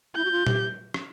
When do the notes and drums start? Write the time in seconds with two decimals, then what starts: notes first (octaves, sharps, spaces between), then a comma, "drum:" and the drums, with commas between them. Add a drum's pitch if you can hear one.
0.15 E4 G6
0.25 F#4
0.31 F4
0.47 G4, drum: tom A#2
0.94 drum: rim click